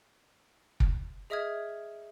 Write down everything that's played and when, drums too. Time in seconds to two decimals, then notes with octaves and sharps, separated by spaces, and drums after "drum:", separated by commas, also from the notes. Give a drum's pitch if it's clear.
0.80 drum: kick
1.30 G#4 D#5 E5 D#6 F6 G#6